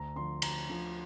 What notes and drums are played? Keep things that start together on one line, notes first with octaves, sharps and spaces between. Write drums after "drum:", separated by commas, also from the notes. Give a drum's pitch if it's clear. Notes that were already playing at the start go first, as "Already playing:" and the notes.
Already playing: D2 A#5
D3 F3 C6
D2 A#5, drum: cymbal
D3 F3